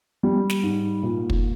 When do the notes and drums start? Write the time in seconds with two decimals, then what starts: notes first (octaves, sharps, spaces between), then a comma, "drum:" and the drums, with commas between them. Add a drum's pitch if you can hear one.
0.23 G3
0.50 drum: snare
0.63 G#2
1.03 A#2
1.30 drum: kick